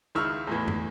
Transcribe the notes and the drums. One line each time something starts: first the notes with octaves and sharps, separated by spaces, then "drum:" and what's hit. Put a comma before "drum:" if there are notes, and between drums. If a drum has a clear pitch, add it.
C#2 D#3 E4 C#6 E6 F6
E2 A2 E3
drum: tom